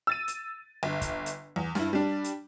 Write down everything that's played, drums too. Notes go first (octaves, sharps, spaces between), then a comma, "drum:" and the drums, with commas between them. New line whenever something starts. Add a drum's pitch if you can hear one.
E6 A6 D#7
drum: hi-hat
G1
drum: kick, hi-hat
drum: hi-hat
E2
G2 E4, drum: snare
G3 D4
drum: hi-hat